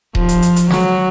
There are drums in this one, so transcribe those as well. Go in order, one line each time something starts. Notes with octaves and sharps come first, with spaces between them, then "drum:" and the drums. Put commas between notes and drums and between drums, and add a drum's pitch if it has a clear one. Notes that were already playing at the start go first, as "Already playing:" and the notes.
F3, drum: kick D#1
drum: hi-hat
drum: hi-hat
drum: hi-hat
F#3, drum: snare